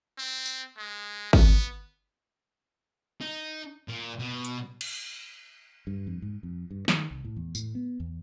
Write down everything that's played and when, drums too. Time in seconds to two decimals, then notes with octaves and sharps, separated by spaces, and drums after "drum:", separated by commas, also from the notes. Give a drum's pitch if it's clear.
0.18 C4
0.46 drum: tambourine
0.77 G#3
1.33 B3, drum: kick
3.21 D#4
3.88 A#2
4.19 B2
4.45 drum: hi-hat
4.81 drum: cymbal
5.87 G2
6.07 F2
6.22 G#2
6.43 F2
6.71 G2
6.88 D#3, drum: snare
7.11 C2
7.25 A2
7.37 E2
7.55 A2, drum: tambourine
7.75 B3
8.00 E2